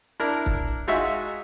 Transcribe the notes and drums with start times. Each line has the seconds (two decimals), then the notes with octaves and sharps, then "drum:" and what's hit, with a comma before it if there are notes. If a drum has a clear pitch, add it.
0.20 D4 E4 A#4
0.46 drum: kick
0.87 G#3 D#4 F4 F#4 E5